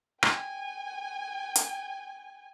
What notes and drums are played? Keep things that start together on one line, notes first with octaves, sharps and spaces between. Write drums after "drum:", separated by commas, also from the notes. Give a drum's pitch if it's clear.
G5 G#5, drum: rim click
drum: hi-hat